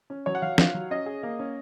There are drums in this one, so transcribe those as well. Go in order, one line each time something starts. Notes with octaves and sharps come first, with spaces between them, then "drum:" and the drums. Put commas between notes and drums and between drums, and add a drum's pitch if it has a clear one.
C#4
F#3 C#5
F#5
F#3 F5
F4, drum: snare
F#3
C#4 D#5
G#4
A#3
C#4